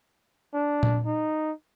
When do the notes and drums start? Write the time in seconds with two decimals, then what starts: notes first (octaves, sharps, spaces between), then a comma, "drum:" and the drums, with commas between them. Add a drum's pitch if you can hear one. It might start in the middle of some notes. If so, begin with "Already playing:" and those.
0.54 D4
0.83 drum: tom A#2
1.06 D#4